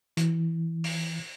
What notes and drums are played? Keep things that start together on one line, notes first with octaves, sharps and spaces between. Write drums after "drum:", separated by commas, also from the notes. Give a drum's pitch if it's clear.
E3, drum: hi-hat
drum: open hi-hat